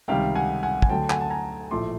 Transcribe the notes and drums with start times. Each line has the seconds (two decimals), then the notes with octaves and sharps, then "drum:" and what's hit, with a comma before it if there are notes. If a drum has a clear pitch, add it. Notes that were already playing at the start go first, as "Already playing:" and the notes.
0.08 C#2 C3 D#3 G3 F5 G5
0.35 F#5 G#5
0.63 F#5 G#5
0.82 G#5, drum: kick
0.90 D2 D3 F#3 G5 A5
1.10 F#5 G#5, drum: clap
1.20 A5
1.30 G#5 A#5
1.71 A#1 A2 F3 A3 C6 D6